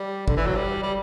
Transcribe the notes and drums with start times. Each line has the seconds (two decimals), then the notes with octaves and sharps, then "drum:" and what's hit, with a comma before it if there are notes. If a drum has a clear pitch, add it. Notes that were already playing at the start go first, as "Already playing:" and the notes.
Already playing: G3
0.28 D3, drum: kick G1
0.37 E3
0.47 F#3
0.56 G3
0.83 G3